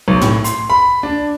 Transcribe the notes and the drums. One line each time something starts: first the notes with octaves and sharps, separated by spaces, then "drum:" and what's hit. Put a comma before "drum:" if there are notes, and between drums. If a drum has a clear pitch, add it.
B1
A2, drum: tom A2
C6, drum: hi-hat
B5
D4